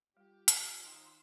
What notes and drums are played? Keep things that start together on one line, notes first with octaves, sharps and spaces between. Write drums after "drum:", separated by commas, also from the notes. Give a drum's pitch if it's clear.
G3 F4 G4
drum: hi-hat
D#3 D#4 F5 G5 C6 E6